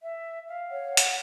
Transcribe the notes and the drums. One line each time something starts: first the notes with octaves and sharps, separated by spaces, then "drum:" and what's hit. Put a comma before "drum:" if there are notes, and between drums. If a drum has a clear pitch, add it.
E5
F5
C#5 F#5
drum: hi-hat